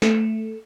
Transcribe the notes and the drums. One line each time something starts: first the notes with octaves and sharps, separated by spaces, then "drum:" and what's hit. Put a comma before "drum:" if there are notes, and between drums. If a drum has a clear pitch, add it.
A3, drum: snare